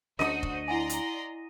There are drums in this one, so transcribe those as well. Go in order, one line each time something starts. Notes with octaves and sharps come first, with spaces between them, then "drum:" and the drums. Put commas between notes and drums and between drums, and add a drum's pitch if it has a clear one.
D2 D4 F#4 C5 D#5 D#6, drum: snare C#4
drum: kick F1
E4 D5 F#5 G#5 A#5 C6
drum: hi-hat